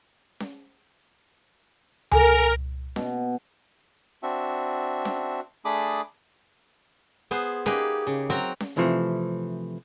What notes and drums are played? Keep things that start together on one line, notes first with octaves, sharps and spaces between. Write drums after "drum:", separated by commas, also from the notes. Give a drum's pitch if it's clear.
drum: snare C#4
A4 A#4 G#5, drum: tom C#2
B2, drum: snare C#4
C4 D4 F#4 E5
drum: snare C#4
A3 D4 G#4 B5 D6 D#6
B3 G#4 C5
A#3 D#4 G4 G#4 B4, drum: snare C#4
C#3
F#3 C4 A#4 A#5, drum: hi-hat
drum: snare C#4
C3 E3 F3 A3